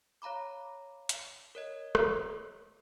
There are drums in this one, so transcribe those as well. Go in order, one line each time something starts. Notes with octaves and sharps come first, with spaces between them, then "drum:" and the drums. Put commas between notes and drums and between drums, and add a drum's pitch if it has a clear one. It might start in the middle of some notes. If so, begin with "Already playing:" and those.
C#5 F5 A#5 B5 D6
drum: hi-hat
A#4 C#5 D#5
drum: rim click